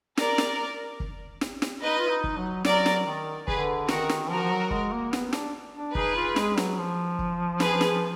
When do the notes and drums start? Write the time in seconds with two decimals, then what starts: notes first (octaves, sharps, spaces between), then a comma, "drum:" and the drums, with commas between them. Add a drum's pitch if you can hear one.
0.17 A#4 D5, drum: snare
0.38 drum: snare
1.00 drum: kick
1.41 drum: snare
1.62 drum: snare
1.82 D#4 B4 D#5
1.99 F4
2.10 D#4
2.24 drum: kick
2.38 F#3
2.65 F#3 A#4 D5, drum: snare
2.86 drum: snare
3.06 D#3
3.48 D3 G#4 B4, drum: kick
3.88 D#3 F#4 A#4, drum: snare
4.09 drum: snare
4.30 F3 F#4 A#4
4.43 F3
4.50 F#3
4.71 G#3, drum: kick
4.92 A#3
5.13 B3, drum: snare
5.33 D4, drum: snare
5.74 D4
5.95 D#4 G#4 B4, drum: kick
6.16 F4
6.36 G#3, drum: snare
6.57 F#3, drum: snare
6.78 F3
7.19 drum: kick
7.60 G#4 B4, drum: snare
7.81 drum: snare